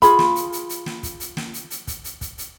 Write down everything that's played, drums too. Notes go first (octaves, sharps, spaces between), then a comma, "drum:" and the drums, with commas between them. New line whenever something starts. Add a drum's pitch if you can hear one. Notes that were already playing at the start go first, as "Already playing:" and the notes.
F4 G#4 B5, drum: kick, hi-hat
drum: snare
drum: hi-hat
drum: hi-hat
drum: hi-hat
drum: snare
drum: kick, hi-hat
drum: hi-hat
drum: snare
drum: hi-hat
drum: hi-hat
drum: kick, hi-hat
drum: hi-hat
drum: kick, hi-hat
drum: hi-hat